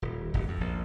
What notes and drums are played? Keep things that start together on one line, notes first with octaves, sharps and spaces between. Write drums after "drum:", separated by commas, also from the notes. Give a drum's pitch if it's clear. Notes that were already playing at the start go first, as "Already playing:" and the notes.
D#1
E1, drum: kick
F2
A#1